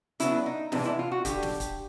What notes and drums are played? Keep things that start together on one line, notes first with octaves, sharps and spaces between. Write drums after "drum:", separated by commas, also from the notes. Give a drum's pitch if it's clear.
C#3 F#3 B3 D4 E4, drum: hi-hat
D#4
C3 E3 G#3 B3 D4 D#4, drum: snare
E4
F4
F#4
D3 G4, drum: kick, hi-hat
drum: snare
drum: kick, hi-hat